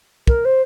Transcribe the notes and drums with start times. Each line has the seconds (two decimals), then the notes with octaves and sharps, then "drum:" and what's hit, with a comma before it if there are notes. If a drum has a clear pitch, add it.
0.27 A#4, drum: kick
0.45 C5